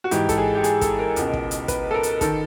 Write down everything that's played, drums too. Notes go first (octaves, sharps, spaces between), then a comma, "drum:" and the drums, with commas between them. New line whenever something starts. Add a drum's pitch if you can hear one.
F#4
G#2 E3 G4, drum: hi-hat
A4, drum: kick, hi-hat
G#4
G4
G#4, drum: hi-hat
A4, drum: kick, hi-hat
A#4
C#2 B2, drum: hi-hat
drum: kick
drum: hi-hat
B4, drum: kick, hi-hat
A4
A#4
drum: hi-hat
D#3 A4, drum: kick, hi-hat